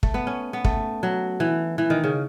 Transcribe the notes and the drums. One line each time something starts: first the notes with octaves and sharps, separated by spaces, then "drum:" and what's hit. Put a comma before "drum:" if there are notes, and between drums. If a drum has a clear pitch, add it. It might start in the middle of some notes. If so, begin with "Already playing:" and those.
A3, drum: kick
B3
C#4
B3
A3, drum: kick
F#3
E3
E3
D#3
C#3